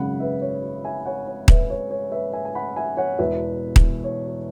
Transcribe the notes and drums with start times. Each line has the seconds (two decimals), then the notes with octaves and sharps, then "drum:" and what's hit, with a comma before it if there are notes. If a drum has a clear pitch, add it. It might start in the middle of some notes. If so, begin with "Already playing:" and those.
Already playing: G#1 F#2 C#3 F#5 B5
0.20 B4 E5
0.42 C#5
0.84 E5 G#5
1.05 C#5 F#5
1.27 C#5
1.48 B4 E5, drum: kick D#1
1.70 C#5
1.91 C#5
2.12 B4 E5
2.33 E5 G#5
2.45 G#5
2.55 F#5 B5
2.76 E5 G#5
2.97 C#5 F#5
3.19 E1 E2 B2 B4 E5
3.76 drum: kick D#1
4.04 C#5